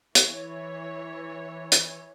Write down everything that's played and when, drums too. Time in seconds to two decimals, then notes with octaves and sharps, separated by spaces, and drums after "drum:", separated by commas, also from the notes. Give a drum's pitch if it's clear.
0.15 E3 C#5, drum: hi-hat
1.72 drum: hi-hat